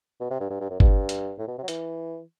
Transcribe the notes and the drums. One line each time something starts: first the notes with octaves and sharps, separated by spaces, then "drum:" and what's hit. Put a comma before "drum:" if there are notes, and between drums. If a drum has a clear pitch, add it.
B2
C3
G2
G2
G2
F#2
G2, drum: kick G1
drum: hi-hat
A2
B2
C3
F#3
E3, drum: hi-hat